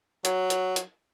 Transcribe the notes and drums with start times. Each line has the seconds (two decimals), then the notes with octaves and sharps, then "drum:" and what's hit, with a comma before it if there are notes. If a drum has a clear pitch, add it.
0.25 F#3, drum: hi-hat
0.50 drum: hi-hat
0.76 drum: hi-hat